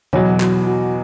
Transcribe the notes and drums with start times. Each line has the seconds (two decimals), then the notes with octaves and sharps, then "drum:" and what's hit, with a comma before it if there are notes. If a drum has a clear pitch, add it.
0.13 E2 B2 F#3 C#5, drum: tom C#3
0.40 F#4, drum: clap
0.67 F#4